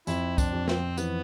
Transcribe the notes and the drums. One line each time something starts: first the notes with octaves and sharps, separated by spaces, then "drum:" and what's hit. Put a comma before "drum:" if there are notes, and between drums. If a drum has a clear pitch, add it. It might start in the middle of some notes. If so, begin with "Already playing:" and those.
F2 E4, drum: tambourine
D4, drum: kick, tambourine
F2
C4, drum: snare
E3 B3, drum: tambourine